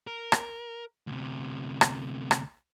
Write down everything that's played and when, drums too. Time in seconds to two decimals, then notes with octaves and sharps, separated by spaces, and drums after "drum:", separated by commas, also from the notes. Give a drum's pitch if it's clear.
0.07 A#4
0.32 drum: rim click
1.07 D2 C3
1.81 drum: rim click
2.31 drum: rim click